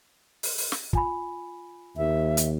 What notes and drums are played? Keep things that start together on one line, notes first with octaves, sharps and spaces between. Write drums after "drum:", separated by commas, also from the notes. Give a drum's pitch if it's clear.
drum: open hi-hat
drum: open hi-hat
drum: snare
F4 G#5 B5, drum: kick
D#2 E5
drum: hi-hat